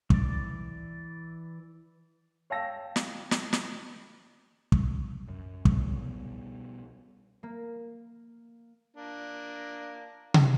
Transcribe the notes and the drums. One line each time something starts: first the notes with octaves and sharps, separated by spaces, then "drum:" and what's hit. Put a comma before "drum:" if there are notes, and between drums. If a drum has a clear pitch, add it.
E3 D5, drum: kick
C#5 F5 G5 A5 E6 A#6
drum: snare
drum: snare
drum: snare
drum: kick
F#2
B2 G3, drum: kick
A#3
A#3 D4
drum: tom C3